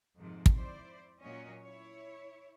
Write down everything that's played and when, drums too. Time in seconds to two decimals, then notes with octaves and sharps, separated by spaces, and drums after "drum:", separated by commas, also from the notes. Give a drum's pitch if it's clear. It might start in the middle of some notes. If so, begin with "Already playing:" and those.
0.17 F2 G#2 C3 D#3 F3
0.46 drum: kick
0.56 E4 C5 D5
1.21 A#2 F#3 A#3 C#4 C#5 D#5
1.62 E4 C#5